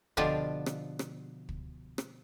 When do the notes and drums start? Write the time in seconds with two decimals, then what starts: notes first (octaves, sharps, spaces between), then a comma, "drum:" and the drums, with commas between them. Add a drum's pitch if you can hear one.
0.17 B2 D3 F3 D4 F4 G4, drum: kick
0.66 drum: rim click
0.99 drum: rim click
1.49 drum: kick
1.98 drum: rim click